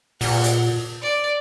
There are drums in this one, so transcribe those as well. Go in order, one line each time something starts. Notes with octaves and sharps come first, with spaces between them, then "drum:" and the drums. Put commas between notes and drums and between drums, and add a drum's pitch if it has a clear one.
A#2 F#5, drum: open hi-hat
drum: hi-hat
D5